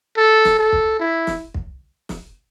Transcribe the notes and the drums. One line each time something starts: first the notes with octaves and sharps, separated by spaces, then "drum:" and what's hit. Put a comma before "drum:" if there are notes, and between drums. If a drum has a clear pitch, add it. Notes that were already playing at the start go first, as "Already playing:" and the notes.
A4
drum: snare
A4
drum: kick
E4
drum: snare
drum: kick
drum: snare